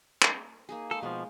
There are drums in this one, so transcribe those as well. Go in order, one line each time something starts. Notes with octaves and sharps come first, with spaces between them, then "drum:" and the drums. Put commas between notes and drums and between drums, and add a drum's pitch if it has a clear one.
drum: clap
A#3 D#4 G#4
G#3 A4 C5 F5
B2 F3 G#3